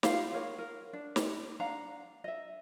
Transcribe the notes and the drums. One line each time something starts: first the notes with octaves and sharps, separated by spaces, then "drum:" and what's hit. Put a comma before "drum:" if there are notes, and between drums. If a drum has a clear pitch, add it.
F4 G4 F5 F#5, drum: snare
G#4 A#4 C#5 F#5
A#4
D4
drum: snare
D4 F5 F#5 A#5
D#5 E5